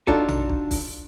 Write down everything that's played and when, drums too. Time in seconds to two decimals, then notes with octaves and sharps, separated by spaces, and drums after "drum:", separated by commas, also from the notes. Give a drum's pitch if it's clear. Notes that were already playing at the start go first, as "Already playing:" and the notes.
0.07 D4 D#4 F4 F#4 A4, drum: kick
0.28 drum: tom A#1
0.50 drum: kick
0.71 drum: kick, open hi-hat